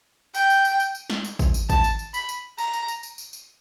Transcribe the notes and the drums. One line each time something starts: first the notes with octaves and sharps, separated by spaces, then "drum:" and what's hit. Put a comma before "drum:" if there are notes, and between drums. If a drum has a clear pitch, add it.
G5, drum: tambourine
drum: tambourine
drum: tambourine
drum: tambourine
drum: tambourine
drum: snare
drum: tambourine
drum: kick, tambourine
drum: tambourine
A5, drum: kick, tambourine
drum: tambourine
drum: tambourine
B5, drum: tambourine
drum: tambourine
A#5, drum: tambourine
drum: tambourine
drum: tambourine
drum: tambourine
drum: tambourine
drum: tambourine